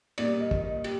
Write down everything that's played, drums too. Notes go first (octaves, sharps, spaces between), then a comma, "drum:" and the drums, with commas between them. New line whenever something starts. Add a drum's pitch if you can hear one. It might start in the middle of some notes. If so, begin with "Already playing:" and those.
A#2 G3 A#3 D5, drum: cymbal
D#5
drum: kick
D#5
G4, drum: cymbal